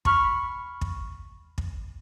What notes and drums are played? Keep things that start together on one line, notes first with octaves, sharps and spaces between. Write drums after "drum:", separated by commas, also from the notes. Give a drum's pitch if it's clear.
B5 C#6 F6 B6, drum: kick
drum: kick
drum: kick